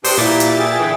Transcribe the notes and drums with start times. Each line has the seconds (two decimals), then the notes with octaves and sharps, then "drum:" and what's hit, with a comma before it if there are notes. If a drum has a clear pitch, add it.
0.04 G2 D4 C5 G5 D#6, drum: open hi-hat
0.18 A#2 E3 A#3 E4 G4 A6
0.40 drum: hi-hat
0.58 G#4 E5 G5
0.80 D3 E3